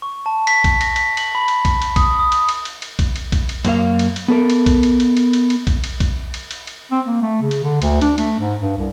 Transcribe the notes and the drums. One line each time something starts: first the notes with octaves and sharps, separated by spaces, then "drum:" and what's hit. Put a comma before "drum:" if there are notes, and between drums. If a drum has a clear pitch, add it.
C#6
A5
B6, drum: cymbal
drum: kick B1, cymbal
A#6, drum: cymbal
B6, drum: cymbal
F#7, drum: cymbal
B5
drum: cymbal
drum: kick B1, cymbal
drum: cymbal
D#6, drum: kick B1, cymbal
D#6
drum: cymbal
drum: cymbal
drum: cymbal
drum: cymbal
drum: kick B1, cymbal
drum: cymbal
drum: kick B1, cymbal
drum: cymbal
F#2 A#3 F#4 F5, drum: cymbal
drum: cymbal
drum: cymbal
B3 A4 A#4
drum: cymbal
drum: kick B1, cymbal
drum: cymbal
drum: cymbal
drum: cymbal
drum: cymbal
drum: cymbal
drum: kick B1, cymbal
drum: cymbal
drum: kick B1, cymbal
drum: cymbal
drum: cymbal
drum: cymbal
C4
A#3
A3
C#3
drum: cymbal
D3
D2, drum: cymbal
D4, drum: cymbal
A3, drum: cymbal
G#2
G2
C2